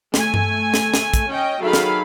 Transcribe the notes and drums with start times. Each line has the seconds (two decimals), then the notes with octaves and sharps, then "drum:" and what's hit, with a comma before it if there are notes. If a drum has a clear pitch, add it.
0.14 A3 G#5, drum: snare
0.34 drum: tom G2
0.74 drum: snare
0.94 drum: snare
1.14 drum: kick, hi-hat
1.29 C#4 D#5 G5
1.62 D#3 F#3 G#4 A4 F5 B5
1.73 drum: snare